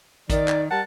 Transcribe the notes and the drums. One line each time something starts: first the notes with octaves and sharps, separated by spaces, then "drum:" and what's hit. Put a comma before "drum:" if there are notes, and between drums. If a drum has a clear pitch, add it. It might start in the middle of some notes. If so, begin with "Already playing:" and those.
D#3 D5, drum: kick A1, hi-hat
drum: clap
G3 A#4 F#5 A5